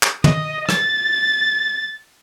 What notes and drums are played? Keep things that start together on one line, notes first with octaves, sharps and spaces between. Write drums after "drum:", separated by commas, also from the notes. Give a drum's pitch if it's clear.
drum: clap
D#5, drum: tom
A6, drum: rim click